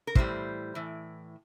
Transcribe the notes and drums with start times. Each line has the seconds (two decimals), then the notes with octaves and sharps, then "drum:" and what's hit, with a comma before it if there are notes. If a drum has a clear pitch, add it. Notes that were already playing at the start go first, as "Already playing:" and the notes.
0.07 A#4
0.15 A2 E3 G3 C5, drum: kick
0.75 A2 E3